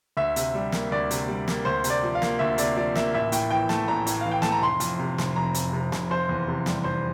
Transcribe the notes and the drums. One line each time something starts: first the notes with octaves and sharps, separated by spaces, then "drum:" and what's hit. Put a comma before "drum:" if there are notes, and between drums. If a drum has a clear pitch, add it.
D2 E5
C3, drum: hi-hat
G3
A#3, drum: snare
D2 D5
C3, drum: hi-hat
G3
A#3, drum: snare
D2 C5
C3, drum: hi-hat
D5
F3
F5
A#3, drum: snare
D2 E5
C3 D5, drum: hi-hat
F3 D5
A#3 E5, drum: snare
A1 E5
A2 G5, drum: hi-hat
E3 G5
A3 A5, drum: snare
A1 A#5
A2, drum: hi-hat
E3 F5
G5
A3 A5, drum: snare
A#5
F1 C6
F2, drum: hi-hat
C3
F1, drum: snare
F1 A#5
F2, drum: hi-hat
C3
F1, drum: snare
F1 C5
E2
C3
G3, drum: snare
F1 C5